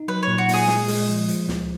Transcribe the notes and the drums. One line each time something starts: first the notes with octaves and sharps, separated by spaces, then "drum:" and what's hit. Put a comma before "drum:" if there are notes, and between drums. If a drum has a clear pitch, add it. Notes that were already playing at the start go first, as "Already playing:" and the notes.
Already playing: D#4
F#3 B4
A#2 C#5
F#4
A#2 G#4, drum: open hi-hat
G#3, drum: snare
G#3, drum: open hi-hat
F3
F3, drum: hi-hat
C#2, drum: snare